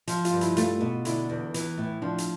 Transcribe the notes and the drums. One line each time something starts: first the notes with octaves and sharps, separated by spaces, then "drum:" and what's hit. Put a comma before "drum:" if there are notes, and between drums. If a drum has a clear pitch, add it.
F3, drum: hi-hat
F4, drum: hi-hat
G2
E4, drum: hi-hat
A3 F4, drum: hi-hat
B2
D3 E4, drum: hi-hat
E2
E3, drum: hi-hat
A2
F3 D4
drum: hi-hat